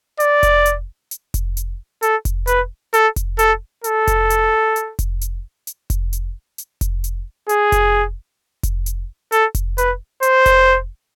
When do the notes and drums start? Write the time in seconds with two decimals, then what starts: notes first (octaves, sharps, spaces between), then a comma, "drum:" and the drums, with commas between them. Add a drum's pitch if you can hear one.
0.20 D5, drum: hi-hat
0.43 drum: kick F1, hi-hat
0.66 drum: hi-hat
1.11 drum: hi-hat
1.34 drum: kick F1, hi-hat
1.57 drum: hi-hat
2.02 A4, drum: hi-hat
2.25 drum: kick F1, hi-hat
2.47 B4, drum: hi-hat
2.94 A4, drum: hi-hat
3.16 drum: kick F1, hi-hat
3.39 A4, drum: hi-hat
3.84 A4, drum: hi-hat
4.07 drum: kick F1, hi-hat
4.30 drum: hi-hat
4.76 drum: hi-hat
4.99 drum: kick F1, hi-hat
5.21 drum: hi-hat
5.67 drum: hi-hat
5.90 drum: kick F1, hi-hat
6.13 drum: hi-hat
6.58 drum: hi-hat
6.81 drum: kick F1, hi-hat
7.04 drum: hi-hat
7.49 G#4, drum: hi-hat
7.72 drum: kick F1, hi-hat
8.63 drum: kick F1, hi-hat
8.86 drum: hi-hat
9.32 A4, drum: hi-hat
9.55 drum: kick F1, hi-hat
9.78 B4, drum: hi-hat
10.23 C5, drum: hi-hat
10.46 drum: kick F1, hi-hat